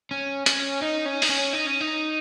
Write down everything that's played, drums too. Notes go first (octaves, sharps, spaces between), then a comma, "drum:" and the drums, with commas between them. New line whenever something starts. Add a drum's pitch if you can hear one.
C#4
C#4, drum: hi-hat
D#4
C#4
D#4, drum: open hi-hat
C#4
D#4
C#4
D#4